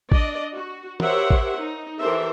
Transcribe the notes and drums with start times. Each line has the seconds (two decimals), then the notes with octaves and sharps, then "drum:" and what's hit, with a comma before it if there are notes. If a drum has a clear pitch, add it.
0.12 D4 D5 D#5, drum: kick A1
0.54 F#4
1.00 G4 A#4 C5 C#5 E5 F#5, drum: tom
1.31 drum: kick A1
1.59 D#4
1.99 E3 G4 A4 A#4 C5 E5